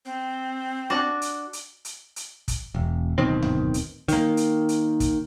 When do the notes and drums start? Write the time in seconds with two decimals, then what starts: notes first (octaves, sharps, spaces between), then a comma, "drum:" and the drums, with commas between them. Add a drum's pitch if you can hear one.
0.05 C4
0.90 D4 F#4
1.22 drum: hi-hat
1.53 drum: hi-hat
1.85 drum: hi-hat
2.16 drum: hi-hat
2.48 drum: kick, hi-hat
2.75 E1
3.18 D1 B2 D#3 C4
3.42 drum: tom F#2
3.74 drum: hi-hat
4.08 D#3 A#3, drum: hi-hat
4.37 drum: hi-hat
4.69 drum: hi-hat
5.00 drum: kick, hi-hat